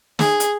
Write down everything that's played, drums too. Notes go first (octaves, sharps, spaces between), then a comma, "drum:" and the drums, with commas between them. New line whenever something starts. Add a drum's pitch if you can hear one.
G#4, drum: snare
drum: hi-hat